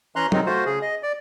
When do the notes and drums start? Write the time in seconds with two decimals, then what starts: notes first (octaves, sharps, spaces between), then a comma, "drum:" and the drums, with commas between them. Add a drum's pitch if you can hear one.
0.16 E3 C#4 A#5 C6 F#6
0.32 C3 D#3 F#3 G#3 C4 D#4, drum: tom
0.46 A3 F4 F#4 C5
0.66 C#3 G#4
0.82 D#5
1.03 D5